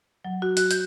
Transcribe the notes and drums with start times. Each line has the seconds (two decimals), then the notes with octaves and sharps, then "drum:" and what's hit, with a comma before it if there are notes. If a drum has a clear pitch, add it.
0.25 F#3
0.42 F#4
0.57 F#6, drum: hi-hat
0.71 G6, drum: hi-hat